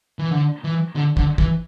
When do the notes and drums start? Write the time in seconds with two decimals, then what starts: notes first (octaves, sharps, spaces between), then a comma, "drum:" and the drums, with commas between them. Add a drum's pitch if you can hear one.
0.19 E3
0.31 D3
0.64 E3
0.96 D3
1.17 D3, drum: kick
1.38 E3, drum: kick